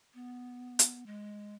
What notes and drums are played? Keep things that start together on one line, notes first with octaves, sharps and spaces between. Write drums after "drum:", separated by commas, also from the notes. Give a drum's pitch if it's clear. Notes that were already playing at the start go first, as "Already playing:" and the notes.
B3
drum: hi-hat
G#3